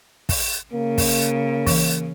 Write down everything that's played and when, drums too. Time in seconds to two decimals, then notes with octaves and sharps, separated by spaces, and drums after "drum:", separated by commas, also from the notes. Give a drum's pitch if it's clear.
0.29 drum: kick, open hi-hat
0.73 C#3 A#3
0.98 drum: kick, open hi-hat
1.67 E3, drum: kick, open hi-hat